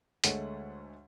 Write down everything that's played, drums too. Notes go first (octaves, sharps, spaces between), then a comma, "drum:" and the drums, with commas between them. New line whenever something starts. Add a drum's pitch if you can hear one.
D2 G#3 A3 C#5 F#5, drum: hi-hat